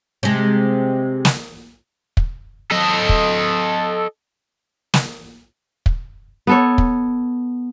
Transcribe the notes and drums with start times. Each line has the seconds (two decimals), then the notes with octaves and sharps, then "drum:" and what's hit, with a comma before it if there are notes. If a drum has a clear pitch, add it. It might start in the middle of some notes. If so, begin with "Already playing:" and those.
0.23 C3 G#3
1.25 drum: snare
2.17 drum: kick
2.71 A4 D#5
3.09 drum: kick
4.94 drum: snare
5.86 drum: kick
6.47 B3 A4 C#5
6.78 drum: kick